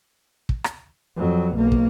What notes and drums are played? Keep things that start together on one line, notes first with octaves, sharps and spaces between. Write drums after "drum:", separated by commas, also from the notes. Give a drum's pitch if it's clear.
drum: kick
drum: rim click
F2 F#3
B1 A#3
drum: kick